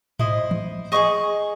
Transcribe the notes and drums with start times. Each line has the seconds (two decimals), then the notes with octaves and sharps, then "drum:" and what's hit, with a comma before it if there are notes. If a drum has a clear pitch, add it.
0.19 E4 C5 D#5, drum: tom G#2
0.51 drum: tom
0.92 G#4 C5 D#5 C#6